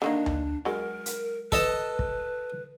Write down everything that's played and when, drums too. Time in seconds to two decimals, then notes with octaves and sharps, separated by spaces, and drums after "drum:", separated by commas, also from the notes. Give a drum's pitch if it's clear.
0.02 D3 D#3 A#3 D4
0.26 drum: tom D2
0.65 F#3 G#3 A#4
1.06 drum: hi-hat
1.52 A4 B4 D#5 A5, drum: kick
1.99 drum: kick